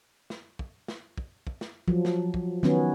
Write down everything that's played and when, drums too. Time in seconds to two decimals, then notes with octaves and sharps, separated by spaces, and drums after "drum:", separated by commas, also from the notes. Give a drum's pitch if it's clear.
0.30 drum: snare
0.59 drum: kick
0.88 drum: snare
1.18 drum: kick
1.47 drum: kick
1.61 drum: snare
1.88 F3 F#3, drum: kick
2.05 drum: snare
2.34 drum: kick
2.63 D#3 F#3 B3 C#4, drum: snare